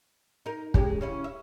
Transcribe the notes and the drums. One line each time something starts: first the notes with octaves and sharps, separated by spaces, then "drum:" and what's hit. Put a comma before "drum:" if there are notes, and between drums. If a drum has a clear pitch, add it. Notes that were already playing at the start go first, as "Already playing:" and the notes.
D#4 A#4
G#3 C#4 G4, drum: kick
C#3 C#4 E4
E5